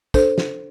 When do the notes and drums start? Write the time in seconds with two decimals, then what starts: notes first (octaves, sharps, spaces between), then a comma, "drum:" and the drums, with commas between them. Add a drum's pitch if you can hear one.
0.14 D4 A4 C5, drum: kick, tambourine
0.38 drum: snare